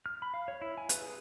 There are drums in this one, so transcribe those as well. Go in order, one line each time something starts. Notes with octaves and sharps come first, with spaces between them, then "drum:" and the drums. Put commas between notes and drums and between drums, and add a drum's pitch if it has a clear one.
F6
B5
F5
C#5
E4
G#5
B4, drum: hi-hat
G#4